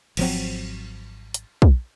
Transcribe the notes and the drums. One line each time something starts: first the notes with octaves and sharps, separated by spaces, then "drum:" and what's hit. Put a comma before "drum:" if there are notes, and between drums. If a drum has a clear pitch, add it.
G#1 F3 F#3 C4, drum: cymbal
drum: hi-hat
drum: kick